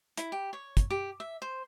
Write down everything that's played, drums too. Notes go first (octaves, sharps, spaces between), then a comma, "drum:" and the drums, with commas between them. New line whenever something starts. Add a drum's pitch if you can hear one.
E4, drum: hi-hat
G4
C#5
drum: kick, hi-hat
G4
E5
C5